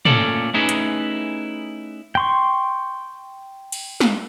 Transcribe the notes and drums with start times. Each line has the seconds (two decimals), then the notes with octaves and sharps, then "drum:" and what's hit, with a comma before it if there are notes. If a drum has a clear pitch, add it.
0.05 A#2 A3 C#4 A4 D5, drum: tom
0.54 A3 C#4 D#4 E4 G#4 B4
0.69 drum: hi-hat
2.15 G5 C6 C#6
3.72 drum: cymbal
4.00 drum: snare